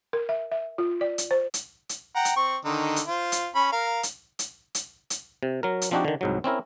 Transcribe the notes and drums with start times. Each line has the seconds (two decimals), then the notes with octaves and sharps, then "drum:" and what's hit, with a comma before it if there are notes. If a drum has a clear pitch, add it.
0.13 A#4
0.29 E5
0.52 E5
0.78 F4
1.01 D5
1.18 drum: hi-hat
1.31 C5
1.54 drum: hi-hat
1.89 drum: hi-hat
2.15 F#5 G5 A#5
2.25 drum: hi-hat
2.36 C4 C#6
2.65 D3 D#3 D#4
2.96 drum: hi-hat
3.07 F4 C5
3.32 drum: hi-hat
3.56 C#4 B5
3.72 A#4 F5
4.03 drum: hi-hat
4.39 drum: hi-hat
4.75 drum: hi-hat
5.10 drum: hi-hat
5.43 C3
5.63 F#3 A#4
5.82 drum: hi-hat
5.91 F3 C4 D4 D#4 F#4 G4
6.05 D3 D#3
6.21 C2 G#2 F#3
6.44 C4 C#4 E4 A#4